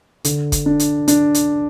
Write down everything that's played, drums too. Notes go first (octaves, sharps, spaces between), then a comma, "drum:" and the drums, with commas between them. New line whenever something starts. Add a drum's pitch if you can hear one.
D3, drum: hi-hat
drum: kick, hi-hat
D4
drum: hi-hat
D4, drum: hi-hat
drum: hi-hat